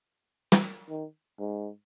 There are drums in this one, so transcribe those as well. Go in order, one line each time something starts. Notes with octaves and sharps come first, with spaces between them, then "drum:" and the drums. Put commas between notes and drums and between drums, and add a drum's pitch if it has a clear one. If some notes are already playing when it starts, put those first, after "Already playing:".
drum: snare
D#3
G#2